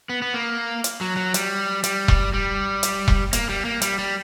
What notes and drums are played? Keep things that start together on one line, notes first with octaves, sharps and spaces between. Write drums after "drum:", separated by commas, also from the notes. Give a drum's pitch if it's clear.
B3
B3
A#3
drum: hi-hat
F#3
F#3
G3, drum: hi-hat
G3, drum: hi-hat
drum: kick E1
G3
drum: hi-hat
drum: kick E1
A#3, drum: hi-hat
G3
A#3
G3, drum: hi-hat
G3